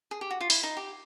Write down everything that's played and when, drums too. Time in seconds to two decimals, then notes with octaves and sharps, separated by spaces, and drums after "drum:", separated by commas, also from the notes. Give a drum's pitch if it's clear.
0.11 G#4
0.21 G4
0.31 F#4
0.41 F4
0.50 E4, drum: open hi-hat
0.63 D#4
0.77 G4